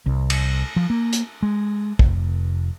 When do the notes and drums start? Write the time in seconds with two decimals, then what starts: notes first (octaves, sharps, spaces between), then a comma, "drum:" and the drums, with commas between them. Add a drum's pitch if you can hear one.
0.06 C2
0.30 drum: cymbal
0.76 F3
0.90 A#3
1.13 drum: hi-hat
1.43 G#3
1.99 F1, drum: kick